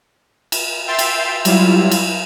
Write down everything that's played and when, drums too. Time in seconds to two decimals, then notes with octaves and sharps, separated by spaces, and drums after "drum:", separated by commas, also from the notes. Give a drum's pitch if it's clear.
0.52 drum: cymbal
0.87 E5 G5 C6 A6
0.99 drum: cymbal
1.45 F#3 G3 E4 F4, drum: cymbal
1.91 drum: cymbal